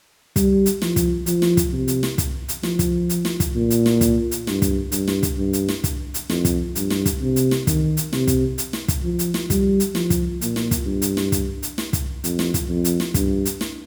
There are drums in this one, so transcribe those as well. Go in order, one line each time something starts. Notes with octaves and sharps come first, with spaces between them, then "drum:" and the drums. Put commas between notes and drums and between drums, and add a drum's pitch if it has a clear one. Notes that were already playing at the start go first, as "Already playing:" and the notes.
G3, drum: kick, hi-hat
drum: hi-hat
F3, drum: snare
drum: kick, hi-hat
F3, drum: hi-hat
drum: snare
drum: kick, hi-hat
C3
drum: hi-hat
drum: snare
drum: kick, hi-hat
drum: hi-hat
F3, drum: snare
drum: kick, hi-hat
drum: hi-hat
drum: snare
drum: kick, hi-hat
A#2
drum: hi-hat
drum: snare
drum: kick, hi-hat
drum: hi-hat
G2, drum: snare
drum: kick, hi-hat
G2, drum: hi-hat
drum: snare
drum: kick, hi-hat
G2
drum: hi-hat
drum: snare
drum: kick, hi-hat
drum: hi-hat
F2, drum: snare
drum: kick, hi-hat
G2, drum: hi-hat
drum: snare
drum: kick, hi-hat
C3
drum: hi-hat
drum: snare
D#3, drum: kick, hi-hat
drum: hi-hat
C3, drum: snare
drum: kick, hi-hat
drum: hi-hat
drum: snare
drum: kick, hi-hat
F3
drum: hi-hat
drum: snare
G3, drum: kick, hi-hat
drum: hi-hat
F3, drum: snare
drum: kick, hi-hat
A#2, drum: hi-hat
drum: snare
drum: kick, hi-hat
G2
drum: hi-hat
drum: snare
drum: kick, hi-hat
drum: hi-hat
drum: snare
drum: kick, hi-hat
F2, drum: hi-hat
drum: snare
drum: kick, hi-hat
F2
drum: hi-hat
drum: snare
G2, drum: kick, hi-hat
drum: hi-hat
drum: snare